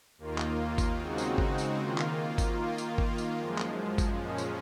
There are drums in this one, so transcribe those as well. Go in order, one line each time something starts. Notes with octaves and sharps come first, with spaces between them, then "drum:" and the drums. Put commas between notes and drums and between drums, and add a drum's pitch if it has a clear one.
D#2 D#3 A#3 F4
drum: clap
drum: kick G#1, tambourine
C#3 G#3 C4 D#4 F#4
drum: tambourine
drum: kick G#1
drum: tambourine
D#3 A#3 F4
drum: clap
drum: kick G#1, tambourine
D#3 A#3 F4
drum: tambourine
drum: kick G#1
drum: tambourine
F#2 F3 G#3
drum: clap
drum: kick G#1, tambourine
A#2 F3 G#3 C#4
drum: tambourine